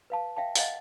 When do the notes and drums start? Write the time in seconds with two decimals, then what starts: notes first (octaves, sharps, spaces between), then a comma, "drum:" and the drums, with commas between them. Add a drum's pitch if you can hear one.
0.10 B4 F5 A5
0.36 E5 F5 G5 A5
0.55 D#5 F5 F#5, drum: open hi-hat